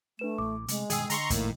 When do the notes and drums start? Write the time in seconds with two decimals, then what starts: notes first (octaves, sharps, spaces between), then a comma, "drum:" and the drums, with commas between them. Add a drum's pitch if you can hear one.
0.19 A3 D4 B4 E7
0.38 A1 A2 D6
0.68 C3 G#3 A3, drum: hi-hat
0.90 G2 B2 D#3 G#4 D#5 G5 E6, drum: hi-hat
1.10 D3 A#5 C6 C#6, drum: hi-hat
1.30 F1 A#1 A2 D#3 A#3, drum: kick, hi-hat